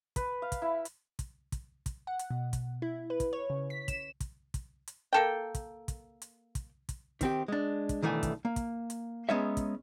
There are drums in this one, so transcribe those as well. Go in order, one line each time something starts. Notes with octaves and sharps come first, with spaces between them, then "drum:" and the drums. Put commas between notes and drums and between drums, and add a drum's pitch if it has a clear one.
B4, drum: kick, hi-hat
F5
drum: kick, hi-hat
E4
drum: hi-hat
drum: kick, hi-hat
drum: kick, hi-hat
drum: kick, hi-hat
F#5
drum: hi-hat
B2
drum: kick, hi-hat
E4
B4
drum: kick, hi-hat
C#5
C#3
B6
E7, drum: kick, hi-hat
drum: kick, hi-hat
drum: kick, hi-hat
drum: hi-hat
A#3 A4 G5
drum: kick, hi-hat
drum: kick, hi-hat
drum: hi-hat
drum: kick, hi-hat
drum: kick, hi-hat
D#3 C4 G4, drum: kick, hi-hat
G#3 D4
drum: kick, hi-hat
B1 D#3 E3 A3 D4 G#5
drum: kick, hi-hat
A#3
drum: kick, hi-hat
drum: hi-hat
G#3 B3 C#4 D#4 C#5 E5
drum: kick, hi-hat